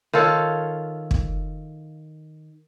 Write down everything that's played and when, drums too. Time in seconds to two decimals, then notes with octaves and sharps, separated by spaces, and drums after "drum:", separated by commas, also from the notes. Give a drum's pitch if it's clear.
0.13 D#3 F4 A4 C#5
1.11 drum: kick